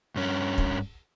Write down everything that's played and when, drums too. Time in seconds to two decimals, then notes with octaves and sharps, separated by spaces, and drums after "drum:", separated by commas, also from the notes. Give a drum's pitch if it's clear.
0.16 G2 C#4
0.58 drum: kick